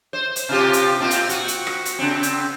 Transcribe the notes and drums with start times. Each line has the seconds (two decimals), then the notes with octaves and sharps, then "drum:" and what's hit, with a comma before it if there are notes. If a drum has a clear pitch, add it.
0.13 C5
0.36 drum: hi-hat
0.49 C3 F4 G4
0.73 drum: hi-hat
1.00 A#2 C4 F4
1.11 drum: hi-hat
1.29 F#4, drum: hi-hat
1.48 drum: hi-hat
1.67 drum: rim click
1.85 drum: hi-hat
1.99 C#3 C4
2.23 drum: hi-hat